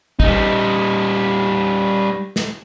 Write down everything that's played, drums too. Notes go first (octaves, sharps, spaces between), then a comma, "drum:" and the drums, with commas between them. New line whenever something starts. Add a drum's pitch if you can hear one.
G3 D#4, drum: kick A1
drum: snare